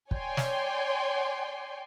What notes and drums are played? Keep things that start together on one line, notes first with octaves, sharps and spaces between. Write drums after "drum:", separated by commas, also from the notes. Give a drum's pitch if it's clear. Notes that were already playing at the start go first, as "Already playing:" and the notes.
C#5 D5 G5 G#5 C6, drum: kick
drum: snare